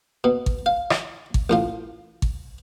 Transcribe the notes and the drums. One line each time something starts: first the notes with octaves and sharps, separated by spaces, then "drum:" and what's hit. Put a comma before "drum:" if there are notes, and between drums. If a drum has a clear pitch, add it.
B2
drum: kick G#1
F5
drum: rim click
drum: kick G#1
A1 A2 F4
drum: kick G#1